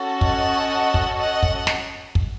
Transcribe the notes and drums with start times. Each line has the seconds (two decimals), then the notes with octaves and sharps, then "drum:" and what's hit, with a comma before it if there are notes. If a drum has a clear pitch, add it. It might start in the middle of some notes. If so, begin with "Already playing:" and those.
Already playing: C#4 F#4 A4
0.21 D#5 F#5, drum: kick
0.94 drum: kick
1.18 D#5 F#5
1.43 drum: kick
1.67 drum: snare
2.15 drum: kick